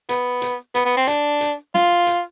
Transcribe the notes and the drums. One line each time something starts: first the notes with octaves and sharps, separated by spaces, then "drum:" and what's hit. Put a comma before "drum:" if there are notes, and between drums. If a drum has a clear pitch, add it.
B3, drum: hi-hat
drum: hi-hat
B3, drum: hi-hat
B3
C4
D4, drum: hi-hat
drum: hi-hat
F4, drum: snare
drum: hi-hat